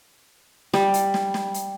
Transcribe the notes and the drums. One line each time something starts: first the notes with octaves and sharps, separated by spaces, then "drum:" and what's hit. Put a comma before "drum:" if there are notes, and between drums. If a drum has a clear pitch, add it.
G3, drum: snare
drum: hi-hat
drum: snare
drum: snare
drum: hi-hat